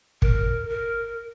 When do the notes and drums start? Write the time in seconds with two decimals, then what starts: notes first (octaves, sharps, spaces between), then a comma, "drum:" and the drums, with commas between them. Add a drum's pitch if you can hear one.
0.22 A#4, drum: kick
0.69 A#4